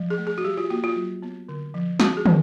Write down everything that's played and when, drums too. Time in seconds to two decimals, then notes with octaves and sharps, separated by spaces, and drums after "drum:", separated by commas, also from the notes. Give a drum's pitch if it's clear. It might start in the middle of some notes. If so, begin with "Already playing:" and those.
Already playing: F3 G3
0.10 G#4
0.18 A3
0.27 G#4
0.38 F#4
0.44 G3 G4
0.57 F4
0.70 A#3 F#4
0.84 F4
0.96 F#3
1.23 B3
1.48 D3
1.74 F3
2.00 C4 F#4, drum: snare
2.17 G#4
2.26 C4, drum: tom